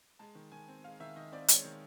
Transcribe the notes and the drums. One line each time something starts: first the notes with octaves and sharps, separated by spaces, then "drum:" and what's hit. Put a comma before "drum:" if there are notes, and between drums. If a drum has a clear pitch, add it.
G#3 A5
D#3
D#3 G#5
C4
G#3 F5
D#3 E5
D#3 D#5
C4 D5
G#3 C#5, drum: hi-hat
D#3